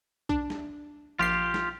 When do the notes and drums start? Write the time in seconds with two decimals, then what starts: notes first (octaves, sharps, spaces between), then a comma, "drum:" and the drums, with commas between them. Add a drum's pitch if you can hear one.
0.29 D4, drum: kick B1
0.50 drum: snare
1.19 A#1 F4 G4 C7
1.54 drum: snare